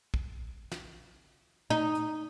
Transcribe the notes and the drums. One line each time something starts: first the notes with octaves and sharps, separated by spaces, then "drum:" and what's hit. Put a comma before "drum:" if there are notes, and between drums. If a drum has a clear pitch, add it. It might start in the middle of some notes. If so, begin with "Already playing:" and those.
drum: kick A#1
drum: snare
D#4
drum: hi-hat